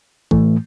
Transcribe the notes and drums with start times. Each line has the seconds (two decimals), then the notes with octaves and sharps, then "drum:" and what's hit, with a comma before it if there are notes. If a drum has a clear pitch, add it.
0.31 A2 E3 A3, drum: kick